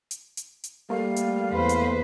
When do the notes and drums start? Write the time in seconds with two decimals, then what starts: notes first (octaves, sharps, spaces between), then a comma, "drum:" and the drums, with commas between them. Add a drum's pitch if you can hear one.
0.11 drum: hi-hat
0.37 drum: hi-hat
0.64 drum: hi-hat
0.90 G3 A3 A#3 F5
1.16 drum: hi-hat
1.50 E2 B4 C5
1.69 drum: hi-hat